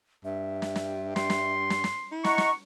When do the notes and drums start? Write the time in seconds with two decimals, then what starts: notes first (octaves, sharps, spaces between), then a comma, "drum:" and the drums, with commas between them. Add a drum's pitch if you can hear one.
0.25 G2 E5
0.62 drum: snare
0.75 drum: snare
1.16 G2 C6, drum: snare
1.30 drum: snare
1.70 drum: snare
1.84 drum: snare
2.12 E4
2.24 D#5 F#5 A#5 C#6, drum: snare
2.38 drum: snare